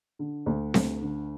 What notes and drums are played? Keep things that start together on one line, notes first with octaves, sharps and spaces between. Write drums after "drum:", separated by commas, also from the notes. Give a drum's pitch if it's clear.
D3
D2
D2, drum: snare C4
D3